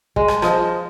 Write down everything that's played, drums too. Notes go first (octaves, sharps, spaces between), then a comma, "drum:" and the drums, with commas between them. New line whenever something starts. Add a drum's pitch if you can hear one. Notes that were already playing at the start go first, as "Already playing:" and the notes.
G#3, drum: kick
drum: rim click
F3 D#5, drum: rim click